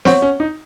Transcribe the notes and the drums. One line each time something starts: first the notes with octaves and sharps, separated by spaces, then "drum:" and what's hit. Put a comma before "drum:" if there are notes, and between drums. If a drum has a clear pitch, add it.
C4 C#5 F#5 C#6, drum: snare
C#4
D#4